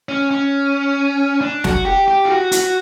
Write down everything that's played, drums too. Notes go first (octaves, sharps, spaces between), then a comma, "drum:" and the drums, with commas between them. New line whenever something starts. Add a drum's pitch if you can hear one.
C#4
C#4
D4
F#4, drum: snare
G4
G4
F4
F#4
F#4, drum: hi-hat